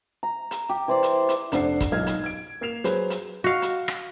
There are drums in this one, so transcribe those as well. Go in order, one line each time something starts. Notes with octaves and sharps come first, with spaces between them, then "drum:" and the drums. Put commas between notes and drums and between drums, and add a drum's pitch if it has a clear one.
A#5
drum: hi-hat
G4
E3 C5 D5
drum: hi-hat
drum: hi-hat
F1 D4 C5 F#5 C7, drum: hi-hat
drum: kick, hi-hat
B1 A#2 D#4 F6 G#6
drum: hi-hat
G#6 D7
A#3 G#6 C7 E7 F7
F#3 G#4 B4 C5, drum: hi-hat
drum: hi-hat
F#4 F5
drum: hi-hat
drum: rim click